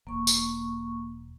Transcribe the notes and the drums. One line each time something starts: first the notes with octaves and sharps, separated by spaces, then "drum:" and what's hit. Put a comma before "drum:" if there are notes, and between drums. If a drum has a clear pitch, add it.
E1 A#3 C#6
drum: tambourine